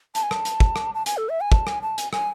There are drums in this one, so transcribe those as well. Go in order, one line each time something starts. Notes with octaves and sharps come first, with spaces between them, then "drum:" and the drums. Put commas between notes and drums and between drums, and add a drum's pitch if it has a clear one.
A5, drum: hi-hat
G#5
A5, drum: rim click
drum: hi-hat
drum: kick
drum: rim click
A5
G#5, drum: hi-hat
A4
E5
G#5
A5, drum: kick
G#5, drum: rim click
A5
G#5, drum: hi-hat
G#5, drum: rim click